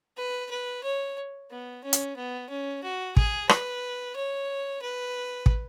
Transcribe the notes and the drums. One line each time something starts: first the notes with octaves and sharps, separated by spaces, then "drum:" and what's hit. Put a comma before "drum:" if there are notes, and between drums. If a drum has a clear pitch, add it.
B4
B4
C#5
B3
C#4
drum: hi-hat
B3
C#4
F#4
G#4, drum: kick
B4, drum: rim click
C#5
B4
drum: kick